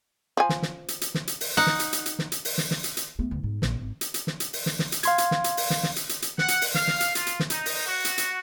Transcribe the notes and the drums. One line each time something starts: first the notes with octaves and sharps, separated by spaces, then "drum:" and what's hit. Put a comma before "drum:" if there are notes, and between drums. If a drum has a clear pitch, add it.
F3 G#5
drum: snare
drum: snare
drum: hi-hat
drum: hi-hat
drum: snare
drum: hi-hat
drum: open hi-hat
D#4 F#5
drum: snare
drum: hi-hat
drum: hi-hat
drum: hi-hat
drum: snare
drum: hi-hat
drum: open hi-hat
drum: snare
drum: snare
drum: hi-hat
drum: hi-hat
A3 B3
D2
G#2
A#1, drum: snare
G#1
drum: hi-hat
drum: hi-hat
drum: snare
drum: hi-hat
drum: open hi-hat
drum: snare
drum: snare
drum: hi-hat
F5 C6 G#6, drum: hi-hat
drum: hi-hat
drum: snare
drum: hi-hat
drum: open hi-hat
drum: snare
drum: snare
drum: hi-hat
drum: hi-hat
drum: hi-hat
F#5, drum: snare
drum: hi-hat
drum: open hi-hat
F5, drum: snare
drum: snare
drum: hi-hat
F4, drum: hi-hat
drum: hi-hat
drum: snare
D#4, drum: hi-hat
drum: open hi-hat
F#4
drum: hi-hat
drum: hi-hat